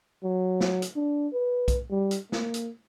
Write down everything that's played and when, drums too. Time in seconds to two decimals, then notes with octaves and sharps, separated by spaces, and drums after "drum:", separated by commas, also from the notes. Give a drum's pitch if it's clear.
0.24 F#3
0.61 drum: snare
0.82 drum: hi-hat
0.96 D4
1.33 B4
1.68 drum: kick B1, hi-hat
1.91 G3
2.11 drum: hi-hat
2.32 A#3, drum: snare
2.54 drum: hi-hat